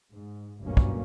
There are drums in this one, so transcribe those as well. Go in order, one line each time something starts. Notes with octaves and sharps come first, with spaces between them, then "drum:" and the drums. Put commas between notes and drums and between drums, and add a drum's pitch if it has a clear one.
G#2
F#1 C#2 G2 B2 A#3 C#4
drum: kick